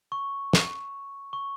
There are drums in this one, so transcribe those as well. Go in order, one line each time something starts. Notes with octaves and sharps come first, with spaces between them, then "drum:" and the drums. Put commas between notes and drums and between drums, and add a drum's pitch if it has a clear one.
C#6
drum: snare
C#6